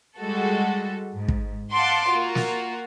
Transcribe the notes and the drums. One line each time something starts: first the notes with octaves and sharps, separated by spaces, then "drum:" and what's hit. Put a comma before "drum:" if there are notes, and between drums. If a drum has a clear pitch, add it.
G3 G#3 F#4 A4
G#2
drum: kick
F5 F#5 A5 C6 D6
A#3 F4 F#4
drum: snare